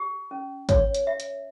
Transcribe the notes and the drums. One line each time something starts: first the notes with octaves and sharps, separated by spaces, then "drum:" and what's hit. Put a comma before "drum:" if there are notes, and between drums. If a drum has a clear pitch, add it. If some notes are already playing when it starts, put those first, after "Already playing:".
Already playing: G4
C#4
C#5, drum: kick, hi-hat
drum: hi-hat
E5
drum: hi-hat